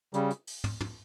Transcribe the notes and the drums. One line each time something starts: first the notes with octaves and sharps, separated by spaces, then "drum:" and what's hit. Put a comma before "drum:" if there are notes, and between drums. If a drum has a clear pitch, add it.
C#3 G3, drum: hi-hat
drum: hi-hat
drum: open hi-hat
drum: tom
drum: tom